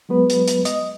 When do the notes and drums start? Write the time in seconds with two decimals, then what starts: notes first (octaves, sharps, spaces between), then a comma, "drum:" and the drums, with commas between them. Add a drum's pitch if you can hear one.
0.09 F#3 G#3 B3 B4
0.30 drum: hi-hat
0.48 drum: hi-hat
0.65 D#5, drum: hi-hat